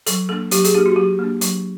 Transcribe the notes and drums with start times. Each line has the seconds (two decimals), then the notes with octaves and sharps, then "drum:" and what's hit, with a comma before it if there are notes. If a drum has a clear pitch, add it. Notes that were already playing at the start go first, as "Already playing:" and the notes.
0.06 F#3 A4, drum: hi-hat
0.29 A#3 D4 A4
0.51 F#3 G4, drum: hi-hat
0.64 G#4, drum: hi-hat
0.75 A#3 D4 G4
0.86 F#4
0.96 F#3 G4
1.19 A#3 D4
1.41 F#3, drum: hi-hat